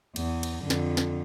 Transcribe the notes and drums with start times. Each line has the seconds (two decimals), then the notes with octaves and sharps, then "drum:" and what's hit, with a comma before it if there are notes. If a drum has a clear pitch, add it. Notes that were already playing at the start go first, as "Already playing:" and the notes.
0.16 E2, drum: cymbal
0.43 drum: cymbal
0.61 F2 D3
0.70 drum: snare
0.97 drum: snare